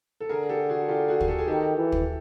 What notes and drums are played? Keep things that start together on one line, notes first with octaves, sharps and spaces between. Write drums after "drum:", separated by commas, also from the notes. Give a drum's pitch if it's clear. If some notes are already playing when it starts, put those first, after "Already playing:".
A4
D3 G#4 A#4
G4 A4
F#4 G#4
F4 G4
F#4 G#4
G#4, drum: kick
G4 A4
G#4
D#3 G4 A4
E3
drum: kick